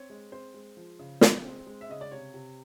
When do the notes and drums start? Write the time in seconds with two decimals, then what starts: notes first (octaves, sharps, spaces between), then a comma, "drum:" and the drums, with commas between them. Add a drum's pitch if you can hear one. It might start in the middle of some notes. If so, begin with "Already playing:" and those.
Already playing: C4 C#5
0.10 G#3
0.32 C4 C5
0.54 G#3
0.77 F3
0.99 C#3
1.21 G#3, drum: snare
1.45 C4
1.67 G#3
1.81 E5
1.89 C#3 D#5
2.01 D5
2.11 C3 C#5
2.34 C3